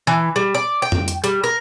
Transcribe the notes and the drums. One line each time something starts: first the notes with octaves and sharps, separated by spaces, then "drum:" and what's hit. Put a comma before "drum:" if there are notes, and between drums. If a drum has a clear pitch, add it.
E3
G3
D5
G5
drum: tom F2
drum: hi-hat
G3, drum: hi-hat
A#4